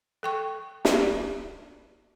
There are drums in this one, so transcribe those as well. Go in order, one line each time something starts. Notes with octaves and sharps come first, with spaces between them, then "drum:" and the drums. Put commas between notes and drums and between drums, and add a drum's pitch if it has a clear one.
A4 G5 C#6
drum: snare